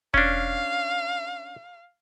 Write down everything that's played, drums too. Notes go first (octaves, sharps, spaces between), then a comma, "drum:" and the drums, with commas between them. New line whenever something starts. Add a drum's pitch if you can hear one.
C#4 D4 F5, drum: kick E1